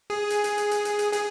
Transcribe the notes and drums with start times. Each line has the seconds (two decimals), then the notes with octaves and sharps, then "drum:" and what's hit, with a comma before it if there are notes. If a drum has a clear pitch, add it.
0.10 G#4
0.30 drum: hi-hat
0.44 drum: hi-hat
0.58 drum: hi-hat
0.71 drum: hi-hat
0.85 drum: hi-hat
0.99 drum: hi-hat
1.13 G#4, drum: hi-hat